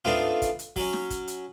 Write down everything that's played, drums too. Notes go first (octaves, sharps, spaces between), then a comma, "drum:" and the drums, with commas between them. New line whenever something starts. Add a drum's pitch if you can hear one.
A3 B3 C4 D4 D#4 F4, drum: tom
drum: kick, hi-hat
drum: hi-hat
F#3 C#4, drum: kick, open hi-hat
drum: snare
drum: kick, hi-hat
drum: hi-hat